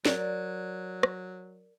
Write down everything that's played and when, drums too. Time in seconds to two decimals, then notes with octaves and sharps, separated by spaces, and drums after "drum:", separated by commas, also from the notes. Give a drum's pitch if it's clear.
0.05 F#3 A#4 D5, drum: snare
1.03 drum: rim click